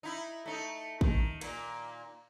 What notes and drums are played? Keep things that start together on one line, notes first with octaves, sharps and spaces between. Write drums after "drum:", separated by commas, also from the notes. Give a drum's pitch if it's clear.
D#4 E4
A3 D#4
D#3, drum: kick
A#2 A#3, drum: cymbal